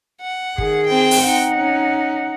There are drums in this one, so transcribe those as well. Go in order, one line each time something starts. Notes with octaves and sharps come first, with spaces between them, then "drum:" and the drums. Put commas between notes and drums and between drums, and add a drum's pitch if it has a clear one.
F#5
D#3 G#4, drum: kick G1
C4 G5
drum: open hi-hat
D#4 F#5
C#4